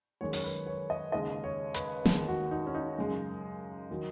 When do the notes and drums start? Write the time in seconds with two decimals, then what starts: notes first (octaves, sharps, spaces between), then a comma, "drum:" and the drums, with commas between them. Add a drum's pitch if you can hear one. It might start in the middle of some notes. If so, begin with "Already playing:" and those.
0.21 F#2 D#3 G#3 C#5
0.33 C#5, drum: open hi-hat
0.44 B4
0.66 C#5
0.90 D#5
1.12 D#2 C#3 G#3 D#5
1.44 C#5
1.74 B4, drum: hi-hat
2.05 D#2 D#3 G#3 D#4, drum: snare
2.28 F#4
2.51 D#4
2.67 C#4
2.75 D#4
2.98 F#2 C#3 G#3
3.90 D#3 F#3